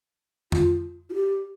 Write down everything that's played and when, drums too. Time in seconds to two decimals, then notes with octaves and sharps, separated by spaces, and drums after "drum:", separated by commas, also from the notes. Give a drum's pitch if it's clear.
0.52 F4, drum: tom F2
1.10 F4
1.14 G4